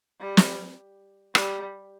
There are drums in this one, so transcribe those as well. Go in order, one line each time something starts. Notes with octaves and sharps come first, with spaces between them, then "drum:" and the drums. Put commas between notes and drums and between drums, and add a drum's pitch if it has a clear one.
G3
drum: snare
G3, drum: rim click